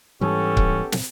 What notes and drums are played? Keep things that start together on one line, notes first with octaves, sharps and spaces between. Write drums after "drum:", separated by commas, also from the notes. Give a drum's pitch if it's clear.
G#2 E3 G3 B3 C#4 G4 A4
drum: kick C#1
drum: snare